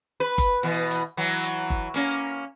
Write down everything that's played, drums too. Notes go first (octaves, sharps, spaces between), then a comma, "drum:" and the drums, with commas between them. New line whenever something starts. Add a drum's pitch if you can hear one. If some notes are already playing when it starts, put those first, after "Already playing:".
B4
drum: kick G1, hi-hat
B2 E3
drum: hi-hat
E3 F#3
drum: hi-hat
drum: kick G1
A#3 C#4, drum: hi-hat